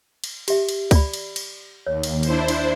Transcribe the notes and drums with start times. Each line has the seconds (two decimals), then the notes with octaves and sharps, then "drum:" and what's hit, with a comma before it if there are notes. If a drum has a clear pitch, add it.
0.24 drum: cymbal
0.48 G4 E5, drum: cymbal
0.69 drum: cymbal
0.91 D5 B5, drum: kick C#2, cymbal
1.14 drum: cymbal
1.36 drum: cymbal
1.86 D#2 C#5
2.03 drum: cymbal
2.23 D4 E4 C5, drum: cymbal
2.48 drum: cymbal